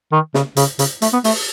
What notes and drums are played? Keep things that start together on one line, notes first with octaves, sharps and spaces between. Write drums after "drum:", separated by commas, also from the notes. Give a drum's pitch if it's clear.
D#3
C#3, drum: snare
C#3, drum: hi-hat
C#3, drum: hi-hat
A3, drum: hi-hat
B3
A3, drum: open hi-hat